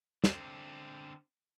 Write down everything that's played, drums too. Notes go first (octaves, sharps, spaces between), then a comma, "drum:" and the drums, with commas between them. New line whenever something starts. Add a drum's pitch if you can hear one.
D3 C4, drum: snare